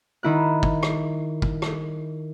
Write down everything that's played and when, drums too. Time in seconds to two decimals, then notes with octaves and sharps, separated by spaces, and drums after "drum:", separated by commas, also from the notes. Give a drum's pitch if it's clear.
0.23 D#3 E4 F#6
0.63 drum: kick
0.83 drum: rim click
1.42 drum: kick
1.62 drum: rim click